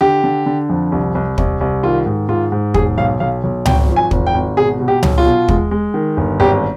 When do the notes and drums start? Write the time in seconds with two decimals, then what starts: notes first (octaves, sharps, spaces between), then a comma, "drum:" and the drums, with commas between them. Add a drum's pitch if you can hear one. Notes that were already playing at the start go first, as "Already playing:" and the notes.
0.01 D3 G4
0.24 D3
0.46 D3
0.69 F2
0.92 C2
1.15 C2
1.38 C2, drum: kick
1.61 C2
1.83 D#3 F4
2.06 G#2
2.29 G#2 F4
2.52 G#2
2.74 B1 G#4, drum: kick
2.97 B1 F5
3.20 B1 F5
3.44 B1
3.66 G#1 G5, drum: tom C#2
3.89 F3
3.96 G#5
4.11 G#1, drum: kick
4.27 G5
4.34 G#1
4.57 B2 G#4
4.80 B2
4.88 G4
5.03 B1, drum: tom C#2
5.18 F4
5.26 B2
5.48 G#3, drum: kick
5.71 G#3
5.94 D#3
6.17 G1
6.40 G#1 G4